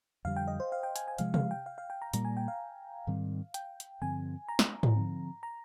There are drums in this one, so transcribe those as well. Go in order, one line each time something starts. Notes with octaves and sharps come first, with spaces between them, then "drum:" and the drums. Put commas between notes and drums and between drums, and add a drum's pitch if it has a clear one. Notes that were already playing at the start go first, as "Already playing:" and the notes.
F2 D3 G3 F5
G5
D#5
C5
F5
G5
G#5, drum: hi-hat
G#5
C3 F3 G#3 F5, drum: hi-hat
F5, drum: tom C3
G5
F5
F5
G5
A#5
A#2 G3 A#3 A#5, drum: hi-hat
G#5
G5
F5
G#2 D#3 G3 C4
G5, drum: hi-hat
drum: hi-hat
G2 D3 F3 C4 G#5
A#5
drum: snare
drum: tom G#2
D3 F3 C4
A#5